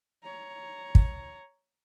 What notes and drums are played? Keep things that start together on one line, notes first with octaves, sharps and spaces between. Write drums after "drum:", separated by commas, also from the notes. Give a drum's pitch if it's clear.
C#5 A#5
drum: kick